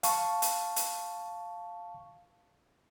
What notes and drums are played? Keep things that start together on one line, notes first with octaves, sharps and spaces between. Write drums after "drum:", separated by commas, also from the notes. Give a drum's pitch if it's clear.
F5 A5 C#6, drum: hi-hat
drum: hi-hat
drum: hi-hat